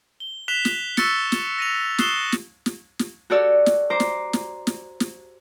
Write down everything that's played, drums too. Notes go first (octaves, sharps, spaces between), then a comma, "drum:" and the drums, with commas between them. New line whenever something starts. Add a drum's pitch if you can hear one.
G7
F#6 B6 E7 F7 G7
drum: snare
C#6 E6 F#6 A6 B6 C#7, drum: snare
drum: snare
A#6 D#7 F7
C#6 D#6 F#6 C7 E7 G7, drum: snare
drum: snare
drum: snare
drum: snare
F#4 G4 A4 C#5 D5 E6
drum: snare
C5 A#5 D6
drum: snare
drum: snare
drum: snare
drum: snare